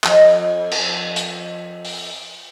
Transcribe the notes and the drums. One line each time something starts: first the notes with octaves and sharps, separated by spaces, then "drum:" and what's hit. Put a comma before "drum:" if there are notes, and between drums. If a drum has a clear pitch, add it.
F2 D#5, drum: clap
drum: cymbal
drum: hi-hat
drum: open hi-hat